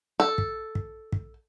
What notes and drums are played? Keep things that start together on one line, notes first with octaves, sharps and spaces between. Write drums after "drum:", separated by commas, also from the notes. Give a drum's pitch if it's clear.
A4
drum: kick
drum: kick
drum: kick